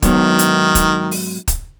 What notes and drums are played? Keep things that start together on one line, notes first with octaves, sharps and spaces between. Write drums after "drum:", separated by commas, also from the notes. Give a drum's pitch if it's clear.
G#2 D#3 F#3 B3, drum: kick, hi-hat
drum: hi-hat
drum: kick, hi-hat
drum: open hi-hat
drum: kick, hi-hat